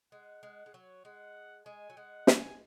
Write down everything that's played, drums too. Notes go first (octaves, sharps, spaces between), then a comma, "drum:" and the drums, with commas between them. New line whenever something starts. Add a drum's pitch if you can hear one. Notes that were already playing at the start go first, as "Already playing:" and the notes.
G#3 F#5
G#3 F#5
G#3
F#3 C#5
G#3 F#5
G#3 G#5
F#3
G#3 F#5
G#5, drum: snare